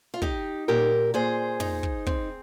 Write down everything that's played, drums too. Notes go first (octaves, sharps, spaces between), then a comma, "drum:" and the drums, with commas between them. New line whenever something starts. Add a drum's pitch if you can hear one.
F4
D#4 G4, drum: kick
A#2 G4 A#4
A#2 G#4 C5
D#4, drum: tom
drum: kick
C4, drum: kick